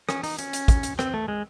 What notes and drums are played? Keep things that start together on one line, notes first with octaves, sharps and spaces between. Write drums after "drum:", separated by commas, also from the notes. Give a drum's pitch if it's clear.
C#4, drum: rim click
D#4, drum: open hi-hat
C#4, drum: hi-hat
drum: hi-hat
drum: kick, hi-hat
drum: hi-hat
C4, drum: rim click
A3
G#3